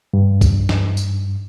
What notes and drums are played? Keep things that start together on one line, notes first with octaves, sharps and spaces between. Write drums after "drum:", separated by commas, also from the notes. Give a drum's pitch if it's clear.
G2
drum: kick C2, tambourine
drum: snare
drum: tambourine